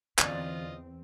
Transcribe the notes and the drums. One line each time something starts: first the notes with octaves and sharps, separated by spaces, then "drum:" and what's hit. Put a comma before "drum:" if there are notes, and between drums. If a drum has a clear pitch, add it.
E2 D3 C4 C#4 F4 D5 D#5, drum: clap